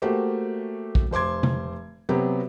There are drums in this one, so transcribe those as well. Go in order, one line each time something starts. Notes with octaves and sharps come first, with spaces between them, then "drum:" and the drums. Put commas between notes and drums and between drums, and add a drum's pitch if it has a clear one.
A3 A#3 F#4 G4 C5
drum: kick
F1 C5 C6 D6 G#6
drum: tom C3
C3 F#3 B3 F#4 G4